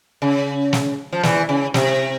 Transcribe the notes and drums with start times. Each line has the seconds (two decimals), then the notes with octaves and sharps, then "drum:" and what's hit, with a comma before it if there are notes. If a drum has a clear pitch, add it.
0.22 C#3
0.73 drum: snare
1.13 F3
1.23 E2 E3, drum: snare
1.49 C#3
1.74 C3, drum: snare